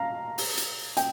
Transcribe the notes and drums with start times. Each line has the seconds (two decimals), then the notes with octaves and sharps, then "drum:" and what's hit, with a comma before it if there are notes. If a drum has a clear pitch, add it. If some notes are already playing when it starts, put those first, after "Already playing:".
Already playing: F5 A#5
0.38 drum: open hi-hat
0.57 drum: hi-hat
0.97 G5, drum: hi-hat